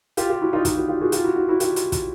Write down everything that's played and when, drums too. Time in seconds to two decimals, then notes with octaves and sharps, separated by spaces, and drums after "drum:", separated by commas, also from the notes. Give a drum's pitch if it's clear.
0.17 F4 G4, drum: hi-hat
0.29 F4 G4
0.41 E4 F#4
0.53 D#4 F4
0.65 D#4 F4, drum: kick, hi-hat
0.77 E4 F#4
0.88 F4 G4
1.01 F#4 G#4
1.12 F4 G4, drum: hi-hat
1.24 E4 F#4
1.36 E4 F#4
1.49 E4 F#4
1.60 F4 G4, drum: hi-hat
1.76 drum: hi-hat
1.92 drum: kick, hi-hat